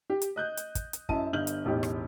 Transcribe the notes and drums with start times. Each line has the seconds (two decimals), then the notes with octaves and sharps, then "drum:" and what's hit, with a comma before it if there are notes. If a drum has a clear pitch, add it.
0.10 G4
0.22 drum: hi-hat
0.36 D#5 F#6 G6
0.57 drum: hi-hat
0.75 drum: kick, hi-hat
0.93 drum: hi-hat
1.09 F#2 E4 D#5 A5 D#7, drum: kick
1.33 G1 G2 D#5 F6 G6 F#7
1.47 drum: hi-hat
1.65 E1 A1 D#4 G4
1.83 drum: rim click